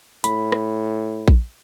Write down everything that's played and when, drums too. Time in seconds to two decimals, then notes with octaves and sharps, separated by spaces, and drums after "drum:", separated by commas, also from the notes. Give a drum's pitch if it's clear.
0.24 A2 B5, drum: hi-hat
0.52 drum: rim click
1.28 drum: kick A#1